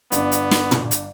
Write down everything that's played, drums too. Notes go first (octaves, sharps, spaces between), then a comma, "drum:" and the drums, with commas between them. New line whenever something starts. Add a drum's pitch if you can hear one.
G1 B3 D4, drum: hi-hat
drum: hi-hat
drum: snare
drum: tom
drum: hi-hat